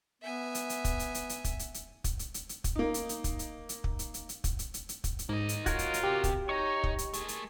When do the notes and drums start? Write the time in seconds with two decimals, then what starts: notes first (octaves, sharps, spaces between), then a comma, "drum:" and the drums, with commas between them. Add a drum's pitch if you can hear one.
0.22 B3 E5 G#5
0.55 drum: hi-hat
0.70 drum: hi-hat
0.85 drum: kick, hi-hat
0.99 drum: hi-hat
1.14 drum: hi-hat
1.29 drum: hi-hat
1.44 drum: kick, hi-hat
1.59 drum: hi-hat
1.74 drum: hi-hat
2.04 drum: kick, hi-hat
2.19 drum: hi-hat
2.34 drum: hi-hat
2.49 drum: hi-hat
2.64 drum: kick, hi-hat
2.76 A#3 D#4
2.94 drum: hi-hat
3.09 drum: hi-hat
3.24 drum: kick, hi-hat
3.39 drum: hi-hat
3.69 drum: hi-hat
3.84 drum: kick
3.99 drum: hi-hat
4.14 drum: hi-hat
4.29 drum: hi-hat
4.44 drum: kick, hi-hat
4.59 drum: hi-hat
4.74 drum: hi-hat
4.89 drum: hi-hat
5.04 drum: kick, hi-hat
5.19 drum: hi-hat
5.29 G#2 A#3 D#5
5.49 drum: hi-hat
5.66 F4 F#4 A#4 C#5 G#6, drum: kick, hi-hat
5.79 drum: hi-hat
5.94 drum: hi-hat
6.04 C3 G4
6.24 drum: kick, hi-hat
6.49 D#4 C#5 A#5 C#6
6.84 drum: kick
6.98 drum: hi-hat
7.13 A3 A#3 G#4, drum: hi-hat
7.28 drum: hi-hat